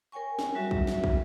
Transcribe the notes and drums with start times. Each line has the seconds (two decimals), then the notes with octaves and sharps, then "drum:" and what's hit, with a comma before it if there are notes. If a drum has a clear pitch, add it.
0.12 A#4 C#5 G5 G#5 C#6
0.39 drum: snare
0.55 F#3 G3 F#4 E5
0.71 drum: kick
0.87 drum: snare
1.04 drum: kick